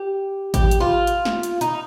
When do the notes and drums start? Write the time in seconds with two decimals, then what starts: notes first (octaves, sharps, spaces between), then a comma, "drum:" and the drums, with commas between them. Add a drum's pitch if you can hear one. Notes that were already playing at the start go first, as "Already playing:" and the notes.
Already playing: G4
0.54 G4, drum: kick G#1, hi-hat
0.71 drum: hi-hat
0.80 F4
1.07 drum: hi-hat
1.25 drum: snare
1.43 drum: hi-hat
1.61 D#4, drum: hi-hat